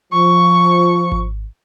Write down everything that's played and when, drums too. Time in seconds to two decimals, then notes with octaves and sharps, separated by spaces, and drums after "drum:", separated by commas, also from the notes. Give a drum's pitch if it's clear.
0.13 F3 C#6
1.12 drum: kick G#1